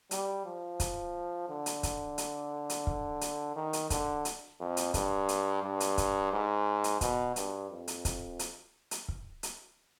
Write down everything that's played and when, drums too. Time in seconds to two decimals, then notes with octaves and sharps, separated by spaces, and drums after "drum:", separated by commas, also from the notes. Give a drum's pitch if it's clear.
0.11 G3, drum: hi-hat
0.45 F3
0.80 drum: kick, hi-hat
1.49 D3
1.66 drum: hi-hat
1.83 drum: kick, hi-hat
2.18 drum: hi-hat
2.70 drum: hi-hat
2.87 drum: kick
3.21 drum: hi-hat
3.56 D#3
3.73 drum: hi-hat
3.90 D3, drum: kick, hi-hat
4.25 drum: hi-hat
4.60 F2
4.77 drum: hi-hat
4.94 G2, drum: kick, hi-hat
5.29 drum: hi-hat
5.63 G2
5.80 drum: hi-hat
5.98 drum: kick, hi-hat
6.33 G#2
6.84 drum: hi-hat
7.01 B2, drum: kick, hi-hat
7.36 G2, drum: hi-hat
7.70 F2
7.88 drum: hi-hat
8.05 drum: kick, hi-hat
8.39 drum: hi-hat
8.91 drum: hi-hat
9.08 drum: kick
9.43 drum: hi-hat